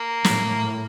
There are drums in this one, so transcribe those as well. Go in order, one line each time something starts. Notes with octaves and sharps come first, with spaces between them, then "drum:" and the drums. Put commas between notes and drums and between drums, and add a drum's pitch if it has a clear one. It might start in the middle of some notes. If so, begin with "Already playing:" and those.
Already playing: A#3
A2, drum: snare